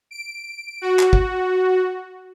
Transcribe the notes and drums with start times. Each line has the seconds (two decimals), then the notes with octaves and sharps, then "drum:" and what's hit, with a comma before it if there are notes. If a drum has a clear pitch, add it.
0.11 D7
0.82 F#4
0.99 drum: clap
1.13 drum: kick